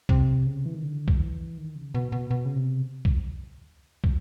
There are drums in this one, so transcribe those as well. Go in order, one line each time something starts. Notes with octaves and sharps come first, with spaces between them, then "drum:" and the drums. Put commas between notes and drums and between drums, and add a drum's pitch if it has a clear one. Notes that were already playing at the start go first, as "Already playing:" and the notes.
C3, drum: kick
C#3
E3
D#3
D3
drum: kick
E3
D#3
C#3
B2
B2
B2
C#3
C3
drum: kick
drum: kick